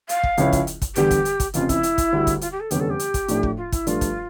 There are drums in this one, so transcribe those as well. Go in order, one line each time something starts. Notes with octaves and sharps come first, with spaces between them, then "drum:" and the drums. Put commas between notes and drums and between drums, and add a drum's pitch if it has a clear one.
F5, drum: hi-hat
drum: kick
C#2 C#3 F3 C#4 E4, drum: hi-hat
drum: kick, hi-hat
drum: hi-hat
drum: kick, hi-hat
E2 D3 G3 G4, drum: hi-hat
drum: kick, hi-hat
drum: hi-hat
drum: kick, hi-hat
F1 F2 C#3 F4, drum: hi-hat
E4, drum: kick, hi-hat
drum: hi-hat
drum: kick, hi-hat
D2 D3 G3
drum: kick, hi-hat
F4, drum: hi-hat
G4
A4
F1 E2 D3 G3 C#4 G4, drum: hi-hat
A4
G4
drum: hi-hat
drum: kick, hi-hat
A2 F3 A3 D4, drum: hi-hat
drum: kick
F4
E4, drum: kick, hi-hat
G2 F3 A3 D4 F4, drum: hi-hat
drum: kick, hi-hat